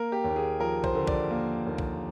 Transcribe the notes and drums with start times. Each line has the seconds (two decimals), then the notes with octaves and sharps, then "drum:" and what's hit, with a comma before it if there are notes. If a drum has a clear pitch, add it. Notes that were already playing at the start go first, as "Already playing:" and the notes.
Already playing: A#3 A#4
0.12 G4
0.24 D#2
0.36 G#4
0.59 F3 A#4
0.84 C5, drum: kick B1
0.95 D3
1.07 D5, drum: kick B1
1.31 A#3
1.66 D#2
1.78 drum: kick B1